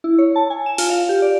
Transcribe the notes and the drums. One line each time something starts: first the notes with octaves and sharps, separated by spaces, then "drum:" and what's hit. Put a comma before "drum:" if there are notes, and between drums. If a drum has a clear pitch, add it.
E4
C#5
A5
G#5
E7
F4, drum: open hi-hat
F5
G4
D5